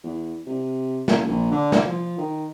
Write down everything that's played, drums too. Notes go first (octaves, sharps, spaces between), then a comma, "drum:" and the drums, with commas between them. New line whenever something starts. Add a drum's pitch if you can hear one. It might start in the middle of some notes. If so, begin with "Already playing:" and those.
E2
C3
F#1, drum: snare
A#1
D3
drum: snare
F3
D#3